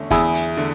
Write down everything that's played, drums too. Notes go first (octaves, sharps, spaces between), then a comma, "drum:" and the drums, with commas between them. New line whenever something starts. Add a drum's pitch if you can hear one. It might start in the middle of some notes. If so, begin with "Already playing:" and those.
Already playing: E2 D3 A3 C#4
E2 E4 G#4, drum: kick F#1, hi-hat
drum: hi-hat
D3 A3